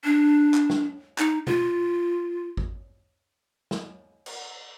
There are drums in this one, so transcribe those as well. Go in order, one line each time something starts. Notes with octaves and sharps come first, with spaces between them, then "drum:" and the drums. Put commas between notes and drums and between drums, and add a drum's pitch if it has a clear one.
D4
drum: clap
drum: snare
D#4, drum: clap
F4, drum: tom B2
drum: kick G#1
drum: snare
drum: cymbal